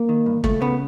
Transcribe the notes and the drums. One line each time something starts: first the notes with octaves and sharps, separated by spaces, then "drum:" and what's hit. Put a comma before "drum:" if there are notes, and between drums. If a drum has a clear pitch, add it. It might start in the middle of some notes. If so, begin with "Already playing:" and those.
Already playing: A#3
D#3
G2
C#2 A3, drum: kick
C#3 B3